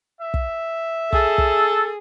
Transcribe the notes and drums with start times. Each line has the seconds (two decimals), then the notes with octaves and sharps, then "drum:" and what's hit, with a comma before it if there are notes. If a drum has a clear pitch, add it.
0.21 E5
0.34 drum: kick
1.13 G#4 A4, drum: kick
1.38 drum: kick